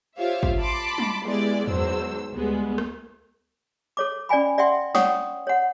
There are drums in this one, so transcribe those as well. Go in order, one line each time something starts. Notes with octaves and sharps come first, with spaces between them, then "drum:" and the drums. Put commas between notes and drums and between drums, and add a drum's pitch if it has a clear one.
F4 G4 C5 C#5 E5 F5
drum: kick
A5 B5 C6 D6
drum: tom G3
G#3 B3 E4 G4 G#4 D5
E2 G#2 D#3 F#3 C5 E6, drum: tom E2
D2 G3 G#3 B3
drum: rim click
A4 C#5 D6
C#4 D5 G5 G#5 B5
D5 E5 F#5 G5 C6
C#5 D5 F#5 G5 C#6 D#6, drum: snare
C#5 F#5